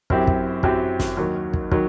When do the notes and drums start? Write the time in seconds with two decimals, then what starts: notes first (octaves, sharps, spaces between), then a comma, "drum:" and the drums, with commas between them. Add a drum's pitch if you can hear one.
0.10 F#2 F#3 C4 E4 G4, drum: kick
0.27 drum: kick
0.63 F#2 F#3 C4 E4 G4, drum: kick
0.99 drum: snare
1.17 D#2 D#3 F#3
1.53 drum: kick
1.71 D#3 F#3, drum: kick